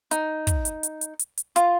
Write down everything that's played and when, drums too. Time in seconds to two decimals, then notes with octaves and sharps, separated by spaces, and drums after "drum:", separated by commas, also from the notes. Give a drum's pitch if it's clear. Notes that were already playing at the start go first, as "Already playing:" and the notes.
0.11 D#4, drum: hi-hat
0.47 drum: kick, hi-hat
0.65 drum: hi-hat
0.83 drum: hi-hat
1.01 drum: hi-hat
1.19 drum: hi-hat
1.38 drum: hi-hat
1.56 F4, drum: hi-hat